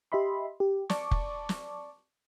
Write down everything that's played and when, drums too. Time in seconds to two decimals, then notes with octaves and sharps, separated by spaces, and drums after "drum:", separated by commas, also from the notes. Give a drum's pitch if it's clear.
0.12 G4 D#5 E5 B5 C6
0.60 G4
0.90 D5 A5 C#6 D6, drum: snare
1.11 drum: kick F1
1.49 drum: snare